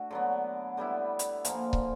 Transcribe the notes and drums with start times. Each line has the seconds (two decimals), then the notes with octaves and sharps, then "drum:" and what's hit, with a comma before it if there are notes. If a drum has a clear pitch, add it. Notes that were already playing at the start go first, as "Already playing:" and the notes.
Already playing: A3 D4 F#4
0.11 D3 F#3 B3
0.77 D3 G3 B3 E4
1.19 drum: hi-hat
1.45 A#2 F3 A#3, drum: hi-hat
1.73 drum: kick